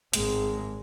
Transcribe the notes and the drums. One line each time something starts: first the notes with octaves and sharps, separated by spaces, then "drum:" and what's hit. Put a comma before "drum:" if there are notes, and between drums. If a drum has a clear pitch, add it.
G#1 G#3, drum: hi-hat